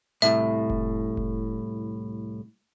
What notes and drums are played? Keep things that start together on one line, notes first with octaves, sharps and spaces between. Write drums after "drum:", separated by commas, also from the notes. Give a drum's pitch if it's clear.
C2 A2 E5
drum: kick F1
drum: kick F1